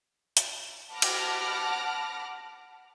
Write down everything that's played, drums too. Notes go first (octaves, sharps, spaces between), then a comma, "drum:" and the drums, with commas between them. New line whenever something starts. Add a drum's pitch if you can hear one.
drum: hi-hat
F#5 A5 B5 D6 F6 A#6
drum: cymbal